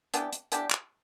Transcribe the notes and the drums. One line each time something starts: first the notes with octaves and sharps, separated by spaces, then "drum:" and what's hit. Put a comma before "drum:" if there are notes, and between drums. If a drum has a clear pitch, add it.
E3 B3 D4 G4, drum: hi-hat
drum: hi-hat
E3 B3 D4 G4, drum: hi-hat
drum: clap